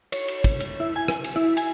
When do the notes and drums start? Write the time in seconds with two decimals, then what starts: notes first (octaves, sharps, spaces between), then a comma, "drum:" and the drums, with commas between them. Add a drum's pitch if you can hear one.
0.12 C#5, drum: cymbal
0.28 drum: cymbal
0.44 drum: kick, cymbal
0.60 drum: cymbal
0.80 E4
0.96 G#5
1.08 drum: rim click
1.24 drum: cymbal
1.36 E4
1.57 G#5, drum: cymbal